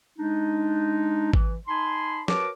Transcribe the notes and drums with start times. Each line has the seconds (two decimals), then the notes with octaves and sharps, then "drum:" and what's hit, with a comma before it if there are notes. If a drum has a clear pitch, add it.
0.18 G#3 D4 D#4
1.33 E3, drum: kick G#1
1.67 D#4 G#5 A5 B5 C6
2.28 F#4 A#4 B4 C#5 A5 D6, drum: snare